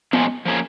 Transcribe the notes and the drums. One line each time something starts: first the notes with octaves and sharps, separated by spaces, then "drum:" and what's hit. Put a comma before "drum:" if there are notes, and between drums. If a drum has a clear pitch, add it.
A#2 F3 G#3 C#4 F4, drum: tom B3
F3 A#3 C#4 G#4